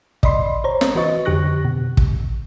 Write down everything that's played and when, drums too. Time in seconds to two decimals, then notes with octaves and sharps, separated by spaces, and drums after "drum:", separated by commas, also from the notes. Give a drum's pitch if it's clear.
0.23 D5 D#5 B5 C6, drum: kick
0.64 C5 C#5 A#5
0.81 drum: snare
0.95 E3 F#4 B4 D#5 C#6 A6
1.25 F2 D3 G4 C#6 F#6 A#6
1.65 B2
1.97 drum: kick